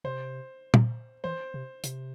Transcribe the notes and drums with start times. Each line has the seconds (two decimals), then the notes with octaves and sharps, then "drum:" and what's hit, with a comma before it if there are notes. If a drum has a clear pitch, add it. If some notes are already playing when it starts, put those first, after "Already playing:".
0.04 C3 C5
0.74 drum: tom
1.24 E3 C5
1.54 C3
1.84 C3, drum: hi-hat